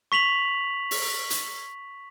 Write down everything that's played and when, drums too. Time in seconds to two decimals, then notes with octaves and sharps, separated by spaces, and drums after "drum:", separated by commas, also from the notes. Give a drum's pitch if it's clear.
0.12 C#6 B6 F7 F#7
0.91 drum: open hi-hat
1.30 drum: hi-hat